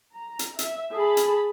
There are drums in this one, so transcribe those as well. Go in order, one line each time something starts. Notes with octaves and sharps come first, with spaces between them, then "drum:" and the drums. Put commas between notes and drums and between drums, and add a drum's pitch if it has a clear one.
A#5
drum: hi-hat
E5, drum: hi-hat
G#4 A5 B5
drum: hi-hat